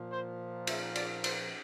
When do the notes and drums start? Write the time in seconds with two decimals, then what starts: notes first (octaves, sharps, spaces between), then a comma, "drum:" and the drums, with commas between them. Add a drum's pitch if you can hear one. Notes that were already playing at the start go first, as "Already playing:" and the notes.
Already playing: A#2 F3
0.12 C5
0.67 E5, drum: cymbal
0.96 D5, drum: cymbal
1.24 C5, drum: cymbal